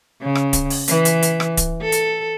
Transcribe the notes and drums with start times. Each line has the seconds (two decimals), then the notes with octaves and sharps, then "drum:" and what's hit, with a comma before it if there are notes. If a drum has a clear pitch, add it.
0.21 C#3
0.35 drum: rim click
0.53 drum: kick, hi-hat
0.70 drum: open hi-hat
0.88 E3, drum: hi-hat
1.05 drum: hi-hat
1.23 drum: hi-hat
1.40 drum: rim click
1.57 drum: kick, hi-hat
1.82 A4
1.92 drum: hi-hat